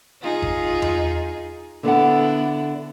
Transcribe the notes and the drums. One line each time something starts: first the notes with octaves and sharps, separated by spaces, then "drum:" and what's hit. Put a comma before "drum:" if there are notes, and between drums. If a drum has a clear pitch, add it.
D#4 F4 G#4
drum: kick G#1
drum: tom E2
D3 B3 D4 E4 A4 F#5